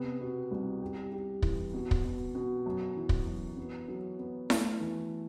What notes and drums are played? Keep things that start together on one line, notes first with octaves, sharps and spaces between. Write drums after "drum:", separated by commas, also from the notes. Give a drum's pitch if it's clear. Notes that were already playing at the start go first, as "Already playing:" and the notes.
Already playing: C3 B3
B2
C2
G4
G4
E3, drum: kick
B2
drum: kick
B2
B2
F#2
E3
drum: kick
F#2
B3
F#3
B3
A3, drum: snare E4
E3